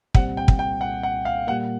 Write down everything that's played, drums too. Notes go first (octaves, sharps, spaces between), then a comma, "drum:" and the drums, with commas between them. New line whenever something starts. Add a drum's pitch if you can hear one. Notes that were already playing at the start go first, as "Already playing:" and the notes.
C2 A#2 G3 C4 F#5, drum: kick
G5
drum: kick
G5
F#5
F#5
F5
A#2 G3 A#3 F#5